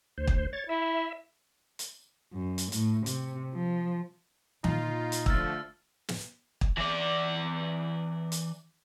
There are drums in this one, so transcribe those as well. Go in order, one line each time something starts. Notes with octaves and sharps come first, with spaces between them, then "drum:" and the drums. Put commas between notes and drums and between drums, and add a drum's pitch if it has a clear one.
D2 C5
drum: kick
C#5 A6
E4 E5
drum: hi-hat
F#2
drum: hi-hat
A2, drum: hi-hat
C3, drum: hi-hat
F3
A#2 D#4 F4, drum: tom D#3
drum: hi-hat
D3 F3 A3 E6 F6 A6, drum: kick
drum: snare
drum: kick
E3 D5
drum: hi-hat